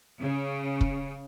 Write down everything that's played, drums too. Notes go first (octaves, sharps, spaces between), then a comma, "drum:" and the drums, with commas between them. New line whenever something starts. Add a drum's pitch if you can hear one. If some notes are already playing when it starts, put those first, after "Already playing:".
C#3
drum: kick